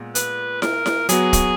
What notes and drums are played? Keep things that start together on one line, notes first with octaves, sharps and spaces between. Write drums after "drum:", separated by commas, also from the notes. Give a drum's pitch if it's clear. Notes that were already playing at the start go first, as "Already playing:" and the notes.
Already playing: A#2 G#3 B3
B4, drum: hi-hat
A#4, drum: snare E4
drum: snare E4
F#3 B3 F#4 G#4, drum: hi-hat
drum: kick, hi-hat